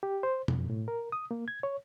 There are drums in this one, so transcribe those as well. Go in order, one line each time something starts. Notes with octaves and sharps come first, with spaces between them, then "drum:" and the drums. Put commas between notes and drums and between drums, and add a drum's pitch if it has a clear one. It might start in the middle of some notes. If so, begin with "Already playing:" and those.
G4
C5
F2, drum: tom B2
A2
A#4
D#6
A#3
G#6
C#5